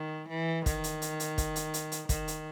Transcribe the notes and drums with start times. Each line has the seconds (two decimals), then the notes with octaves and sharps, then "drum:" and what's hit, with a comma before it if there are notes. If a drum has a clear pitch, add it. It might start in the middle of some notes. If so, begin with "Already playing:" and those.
Already playing: D#3
0.29 E3
0.66 D#3, drum: kick, hi-hat
0.84 drum: hi-hat
1.02 drum: hi-hat
1.20 drum: hi-hat
1.38 drum: kick, hi-hat
1.56 drum: hi-hat
1.74 drum: hi-hat
1.92 drum: hi-hat
2.09 D#3, drum: kick, hi-hat
2.28 drum: hi-hat